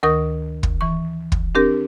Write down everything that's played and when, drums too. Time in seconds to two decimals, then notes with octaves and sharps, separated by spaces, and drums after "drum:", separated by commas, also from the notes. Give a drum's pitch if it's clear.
0.03 D2 D#3 A#4 C#6 D#6
0.63 drum: kick
0.81 E3 C#6
1.32 drum: kick
1.55 C4 D4 G4 A#4